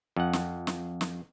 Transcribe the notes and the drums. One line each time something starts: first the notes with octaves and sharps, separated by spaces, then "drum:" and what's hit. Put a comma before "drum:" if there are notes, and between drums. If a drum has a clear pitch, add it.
F2 F#5
drum: snare
drum: snare
drum: snare